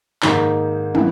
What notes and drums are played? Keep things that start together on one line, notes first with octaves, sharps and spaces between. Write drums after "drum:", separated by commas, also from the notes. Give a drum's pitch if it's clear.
G#2 D#3 A#3 D#4, drum: clap
E3 B3 E4, drum: tom